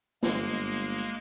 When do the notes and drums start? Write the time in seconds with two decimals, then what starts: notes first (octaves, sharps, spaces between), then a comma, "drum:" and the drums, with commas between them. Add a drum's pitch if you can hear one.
0.23 G1 G#3 A#3, drum: snare